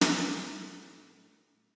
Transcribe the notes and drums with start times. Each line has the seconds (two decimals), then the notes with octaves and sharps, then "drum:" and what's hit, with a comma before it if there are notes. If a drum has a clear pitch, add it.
0.01 A2 A3 G4 A#4, drum: snare